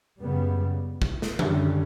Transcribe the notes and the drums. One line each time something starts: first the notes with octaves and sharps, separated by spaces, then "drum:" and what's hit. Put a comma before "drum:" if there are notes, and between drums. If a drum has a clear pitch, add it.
F#2 C#3 G3 B3
drum: kick
drum: snare
F#2 D3 G3 C#4, drum: tom D#3